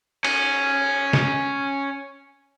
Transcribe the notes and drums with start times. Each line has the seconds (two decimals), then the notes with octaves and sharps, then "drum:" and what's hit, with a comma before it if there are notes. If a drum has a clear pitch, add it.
0.25 C#4, drum: cymbal
1.13 drum: snare